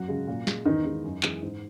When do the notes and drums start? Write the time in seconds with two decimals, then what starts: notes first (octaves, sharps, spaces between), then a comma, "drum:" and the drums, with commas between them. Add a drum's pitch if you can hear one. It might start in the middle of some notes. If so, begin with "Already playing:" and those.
Already playing: F#2 F#3 F#4
0.08 C#3 G#3
0.27 A#2
0.47 G#3, drum: snare
0.66 E2 D#3 D#4
0.85 D#3 G#3
1.04 F#2
1.23 E3 G#3, drum: clap
1.42 G#2